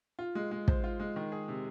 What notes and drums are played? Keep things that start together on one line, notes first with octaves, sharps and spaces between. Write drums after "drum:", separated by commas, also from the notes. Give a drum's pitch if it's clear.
F4
G#3
G#3
C5, drum: kick
F4
G#3
D#3
G#4
C3